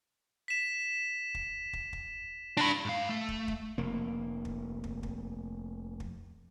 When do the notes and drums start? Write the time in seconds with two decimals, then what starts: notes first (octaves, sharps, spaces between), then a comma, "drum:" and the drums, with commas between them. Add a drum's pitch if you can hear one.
0.48 B6 E7
1.35 drum: kick
1.73 drum: kick
1.93 drum: kick
2.57 D4 B5 A#6 D7
2.85 G#2 F5
3.09 A3
3.28 drum: kick
3.48 drum: kick
3.78 F1 A#3
4.45 drum: kick
4.84 drum: kick
5.03 drum: kick
6.00 drum: kick